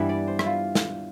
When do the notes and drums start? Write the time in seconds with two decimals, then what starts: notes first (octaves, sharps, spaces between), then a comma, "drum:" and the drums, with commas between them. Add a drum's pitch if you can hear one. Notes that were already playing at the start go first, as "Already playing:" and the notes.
Already playing: G2 E3 G3 B3 E5
0.09 D5
0.27 C5
0.39 E4, drum: rim click
0.46 F4
0.75 drum: snare